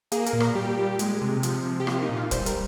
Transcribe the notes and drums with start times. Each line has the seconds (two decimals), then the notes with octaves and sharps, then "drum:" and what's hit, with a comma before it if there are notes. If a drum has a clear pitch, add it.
0.12 A#3 G#4, drum: hi-hat
0.26 A#4, drum: hi-hat
0.33 A#2
0.40 A#4, drum: rim click
0.55 G3 G4
0.77 A#2
0.99 G#3, drum: hi-hat
1.21 C3
1.43 F3, drum: hi-hat
1.65 C3
1.80 G4
1.87 A#3 F4, drum: rim click
2.02 D#4
2.09 A#2
2.16 F4
2.31 G3 C5, drum: kick, hi-hat
2.46 A#4, drum: hi-hat